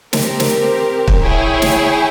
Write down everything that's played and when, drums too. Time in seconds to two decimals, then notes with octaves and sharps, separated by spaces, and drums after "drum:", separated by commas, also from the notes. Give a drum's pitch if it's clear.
0.13 C4 G4 A#4, drum: snare
0.40 drum: snare
1.08 drum: kick
1.22 E4 G#4 C#5 G5
1.62 drum: snare